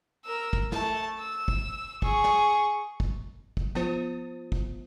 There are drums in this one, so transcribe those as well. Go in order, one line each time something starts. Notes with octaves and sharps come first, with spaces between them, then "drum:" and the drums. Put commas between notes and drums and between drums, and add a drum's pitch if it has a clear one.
A#4 E6
drum: kick
A3 A5, drum: snare
E6
drum: kick
G#4 C#6, drum: kick
drum: snare
drum: kick
drum: kick
F3 B3 F4 C5, drum: snare
drum: kick